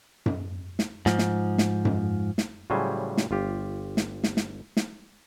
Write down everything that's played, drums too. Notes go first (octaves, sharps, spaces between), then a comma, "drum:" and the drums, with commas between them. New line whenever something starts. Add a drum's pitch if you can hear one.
drum: tom F#2
drum: snare
G#2 F3, drum: snare
drum: snare
drum: snare
drum: tom F#2
drum: snare
A2 C#3 F#3 G3 C5 G#5
drum: snare
G1 F4 G4
drum: snare
drum: snare
drum: snare
drum: snare